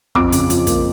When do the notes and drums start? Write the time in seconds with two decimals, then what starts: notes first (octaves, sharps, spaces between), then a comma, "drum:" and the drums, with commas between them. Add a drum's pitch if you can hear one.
0.15 F2 D6, drum: kick
0.32 C#3, drum: hi-hat
0.50 F3, drum: hi-hat
0.67 A#3, drum: kick, hi-hat